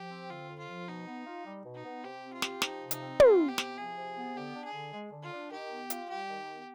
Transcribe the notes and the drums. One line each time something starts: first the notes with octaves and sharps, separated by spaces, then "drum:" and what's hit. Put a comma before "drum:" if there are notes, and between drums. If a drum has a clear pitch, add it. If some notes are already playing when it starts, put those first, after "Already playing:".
Already playing: F3 G4
C4
D3 F4
F2
F4
F3
B2 D#4
B3
F4
G3
B2
D#4
B3
C3 G4
C4
F4
G4, drum: snare
F3 D#4, drum: snare
C3
D#4, drum: hi-hat
C4
C3 F4, drum: tom
B3
G4
C3, drum: snare
F3 G#4
C3
B3
D3 G4
D4
G#4
D3
G#3
D3
F4
D4
D#3 G4
B3
F4, drum: hi-hat
G3 G4
D#3
B3